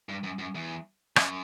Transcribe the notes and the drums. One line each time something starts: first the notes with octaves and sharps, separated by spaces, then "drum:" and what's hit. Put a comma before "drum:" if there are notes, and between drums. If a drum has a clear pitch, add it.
G2
F#2
F#2
E2
F#2, drum: rim click